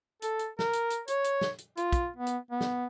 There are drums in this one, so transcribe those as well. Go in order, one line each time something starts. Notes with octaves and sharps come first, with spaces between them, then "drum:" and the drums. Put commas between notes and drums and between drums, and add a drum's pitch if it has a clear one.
A4, drum: hi-hat
drum: hi-hat
A#4, drum: snare
drum: hi-hat
drum: hi-hat
C#5, drum: hi-hat
drum: hi-hat
drum: snare
drum: hi-hat
F4, drum: hi-hat
drum: kick, hi-hat
B3
drum: hi-hat
B3
drum: snare